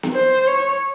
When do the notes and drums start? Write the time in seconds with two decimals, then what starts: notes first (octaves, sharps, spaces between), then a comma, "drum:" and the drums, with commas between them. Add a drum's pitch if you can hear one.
0.03 drum: snare B3
0.15 C5
0.47 C#5